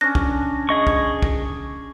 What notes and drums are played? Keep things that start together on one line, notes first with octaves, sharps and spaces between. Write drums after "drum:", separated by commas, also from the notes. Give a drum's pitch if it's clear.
C#4 D4 F#6 A#6
drum: kick
G#4 D#5 C#6
drum: kick
drum: kick